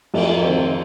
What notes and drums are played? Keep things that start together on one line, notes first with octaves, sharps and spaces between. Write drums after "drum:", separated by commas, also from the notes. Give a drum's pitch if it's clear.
F2, drum: cymbal
D#3 C4